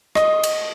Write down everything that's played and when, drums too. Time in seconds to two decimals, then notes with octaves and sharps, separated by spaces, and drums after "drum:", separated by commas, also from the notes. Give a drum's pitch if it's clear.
0.15 D#5, drum: rim click
0.43 drum: cymbal